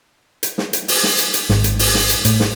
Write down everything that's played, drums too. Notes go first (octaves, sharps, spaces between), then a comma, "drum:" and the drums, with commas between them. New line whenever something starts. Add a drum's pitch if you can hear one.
drum: hi-hat
drum: snare
drum: hi-hat
drum: open hi-hat
drum: snare
drum: hi-hat
drum: hi-hat
G#1, drum: snare
drum: hi-hat
drum: open hi-hat
drum: snare
drum: hi-hat
A2, drum: hi-hat
drum: snare